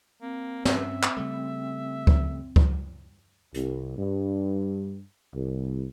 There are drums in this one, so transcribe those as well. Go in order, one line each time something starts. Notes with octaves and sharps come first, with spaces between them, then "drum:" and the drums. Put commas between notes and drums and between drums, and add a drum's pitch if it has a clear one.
A#3 C4
G2 C#4 E5, drum: snare
drum: clap
C#3 G3 A3
drum: kick C#2
drum: kick C#2
C2, drum: hi-hat
G2
C2